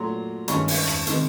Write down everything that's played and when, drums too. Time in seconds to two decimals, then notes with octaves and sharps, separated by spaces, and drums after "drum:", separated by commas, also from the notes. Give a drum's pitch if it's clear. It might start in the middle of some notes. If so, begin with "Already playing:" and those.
Already playing: A#2 F#3 A3 A#5 C6
0.48 G2 D#3 G#3 C#4 B5 C#6, drum: hi-hat
0.68 drum: open hi-hat
0.88 drum: rim click
1.07 C3 D#3 G#3, drum: hi-hat